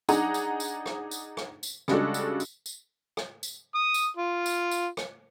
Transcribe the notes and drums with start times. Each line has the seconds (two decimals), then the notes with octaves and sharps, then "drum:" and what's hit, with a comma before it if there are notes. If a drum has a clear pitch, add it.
0.09 D4 D#4 G#4 F#5 A#5, drum: tambourine
0.34 drum: tambourine
0.60 drum: tambourine
0.86 drum: rim click
1.11 drum: tambourine
1.37 drum: rim click
1.63 drum: tambourine
1.88 C#3 G3 G#3 D4 F#4 A4, drum: rim click
2.14 drum: tambourine
2.40 drum: tambourine
2.66 drum: tambourine
3.17 drum: rim click
3.43 drum: tambourine
3.75 D#6
3.94 drum: tambourine
4.17 F4
4.46 drum: tambourine
4.71 drum: tambourine
4.97 drum: rim click